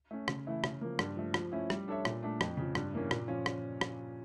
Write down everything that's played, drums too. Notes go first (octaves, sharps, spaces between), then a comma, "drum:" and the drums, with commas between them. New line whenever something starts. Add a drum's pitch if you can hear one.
A3 C#4
C#3, drum: rim click
E3 A3 E4
C#3, drum: rim click
F3 A#3
G2, drum: rim click
F3 A3
F3, drum: rim click
A3 C#4 E4
G3, drum: rim click
D4 A4 C#5 E5
A#2, drum: rim click
A3 D4
F2, drum: rim click
C#3 F3
G2, drum: rim click
E3 A#3 C#4
A#2, drum: rim click
F3 C#4 F4
drum: rim click
drum: rim click